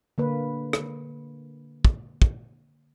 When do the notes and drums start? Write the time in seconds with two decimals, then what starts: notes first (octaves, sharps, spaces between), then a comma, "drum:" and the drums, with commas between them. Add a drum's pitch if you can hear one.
0.18 D3 A#3 B4
0.73 drum: rim click
1.85 drum: kick
2.22 drum: kick